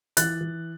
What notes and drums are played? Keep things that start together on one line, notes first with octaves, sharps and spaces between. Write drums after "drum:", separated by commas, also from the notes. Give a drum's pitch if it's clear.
E3 F#6 A6, drum: hi-hat
E3